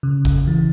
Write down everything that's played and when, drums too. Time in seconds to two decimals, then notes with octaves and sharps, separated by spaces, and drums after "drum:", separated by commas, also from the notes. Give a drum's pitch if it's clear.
0.03 C#3
0.25 drum: kick G#1
0.47 E3